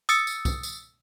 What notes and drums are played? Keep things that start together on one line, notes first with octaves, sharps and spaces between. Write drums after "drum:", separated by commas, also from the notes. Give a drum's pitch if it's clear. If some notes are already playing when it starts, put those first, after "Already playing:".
D#6 E6 A6 C#7, drum: tambourine
drum: tambourine
drum: kick C2, tambourine
drum: tambourine